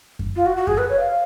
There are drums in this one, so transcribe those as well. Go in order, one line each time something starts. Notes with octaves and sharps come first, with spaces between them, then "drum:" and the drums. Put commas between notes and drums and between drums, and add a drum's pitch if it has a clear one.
drum: kick F#2
F4
F#4
F#4
G#4, drum: kick F#2
B4
C#5
F5